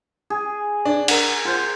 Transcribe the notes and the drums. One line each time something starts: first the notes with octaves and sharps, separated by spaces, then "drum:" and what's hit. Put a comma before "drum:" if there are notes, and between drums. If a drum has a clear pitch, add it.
G#4
D4
A#4 F#5, drum: cymbal
F4 C5